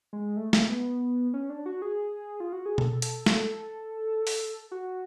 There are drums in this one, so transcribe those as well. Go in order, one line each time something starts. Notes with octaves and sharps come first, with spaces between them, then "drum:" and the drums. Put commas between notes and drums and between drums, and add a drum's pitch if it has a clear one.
G#3
A3
A3, drum: snare
B3
C#4
D4
F#4
G#4
F4
F#4
G#4
A4, drum: tom B2
A4, drum: hi-hat
A4, drum: snare
drum: open hi-hat
F#4